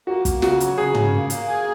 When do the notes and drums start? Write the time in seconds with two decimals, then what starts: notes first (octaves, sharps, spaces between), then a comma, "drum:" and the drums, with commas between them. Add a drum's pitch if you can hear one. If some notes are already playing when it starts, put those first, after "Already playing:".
0.07 A#3 F#4
0.25 A#3, drum: kick, hi-hat
0.42 C#3 F#4, drum: snare
0.60 F#3, drum: hi-hat
0.77 C#3 G#4
0.94 C#3, drum: tom
1.12 A#3
1.30 A#3, drum: hi-hat
1.47 G#4